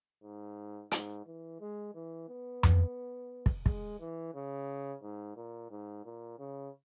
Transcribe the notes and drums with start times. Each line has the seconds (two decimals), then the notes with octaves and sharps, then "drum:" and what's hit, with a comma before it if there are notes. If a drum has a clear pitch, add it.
0.23 G#2
0.91 G#2, drum: hi-hat
1.26 E3
1.60 G#3
1.94 E3
2.29 B3
2.63 drum: tom F2
3.46 drum: kick
3.66 G#3, drum: kick
4.00 E3
4.34 C#3
5.02 G#2
5.36 A#2
5.71 G#2
6.05 A#2
6.39 C#3